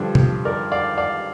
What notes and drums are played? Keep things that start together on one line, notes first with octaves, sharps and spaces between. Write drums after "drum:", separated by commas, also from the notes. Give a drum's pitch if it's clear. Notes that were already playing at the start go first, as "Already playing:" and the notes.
Already playing: G2 D3 F3 D4 F4
drum: tom C3
A#4 D5
D5 F5
D5 F5